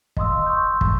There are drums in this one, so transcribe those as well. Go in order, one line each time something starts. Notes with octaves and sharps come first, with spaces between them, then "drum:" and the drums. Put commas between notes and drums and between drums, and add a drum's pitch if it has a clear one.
D#5 F5 C6 D#6 E6, drum: kick
C6 C#6 E6 G6
drum: kick